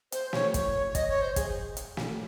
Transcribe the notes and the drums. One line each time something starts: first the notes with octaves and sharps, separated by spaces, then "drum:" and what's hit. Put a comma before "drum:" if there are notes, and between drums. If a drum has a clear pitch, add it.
C5, drum: hi-hat
C#5, drum: snare
C#5, drum: kick, hi-hat
C#5
D#5, drum: kick, hi-hat
C#5
C5
G#4, drum: kick, hi-hat
drum: hi-hat
drum: snare